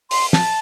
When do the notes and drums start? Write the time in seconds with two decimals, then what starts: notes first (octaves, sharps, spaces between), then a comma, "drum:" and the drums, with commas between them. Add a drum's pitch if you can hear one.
0.11 C6, drum: open hi-hat
0.33 A5, drum: snare